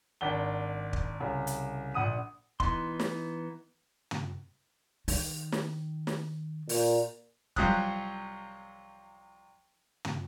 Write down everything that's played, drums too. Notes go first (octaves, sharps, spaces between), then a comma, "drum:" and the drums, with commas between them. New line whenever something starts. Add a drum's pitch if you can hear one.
G#1 D4 F#5 G7
drum: kick
C2 C#3
drum: hi-hat
A#1 F#5 D#6 D#7
E3 B3 D#4 C6, drum: kick
drum: snare
drum: tom
D#3, drum: open hi-hat
drum: snare
drum: snare
A#2, drum: open hi-hat
C2 F3 F#3 D#6 F#6, drum: kick
drum: tom